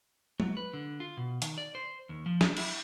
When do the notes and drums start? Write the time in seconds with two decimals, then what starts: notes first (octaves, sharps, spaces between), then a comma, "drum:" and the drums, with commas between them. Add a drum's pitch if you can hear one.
0.40 F#3, drum: tom G#3
0.57 B4
0.73 D3
1.00 F4
1.17 B2
1.42 D#3, drum: hi-hat
1.58 D5
1.75 C5
2.09 D#2
2.26 F3
2.41 D4, drum: snare
2.57 E4, drum: cymbal